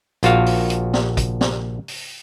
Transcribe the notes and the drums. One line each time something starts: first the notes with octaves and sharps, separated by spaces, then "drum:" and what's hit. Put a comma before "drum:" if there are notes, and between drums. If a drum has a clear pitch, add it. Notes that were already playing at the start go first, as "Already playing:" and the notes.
A#1 F4 F#4 F5, drum: hi-hat
drum: open hi-hat
drum: hi-hat
drum: snare
drum: kick, hi-hat
drum: snare
drum: open hi-hat